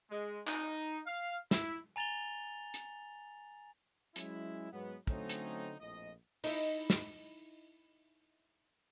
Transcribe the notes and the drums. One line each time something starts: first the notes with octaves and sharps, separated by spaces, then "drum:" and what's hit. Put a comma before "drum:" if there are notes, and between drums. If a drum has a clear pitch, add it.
G#3
D#4, drum: clap
F5
E4, drum: snare
G#5 A#5 A6 F7 G7
drum: hi-hat
F#3 G#3 C#4 E4, drum: hi-hat
G#2 F#3 G#3 B3
D3 F#3 A3 C4 C#4 D#4, drum: kick
drum: hi-hat
A#1 F2 A2 D#5
D#4 E4, drum: open hi-hat
drum: snare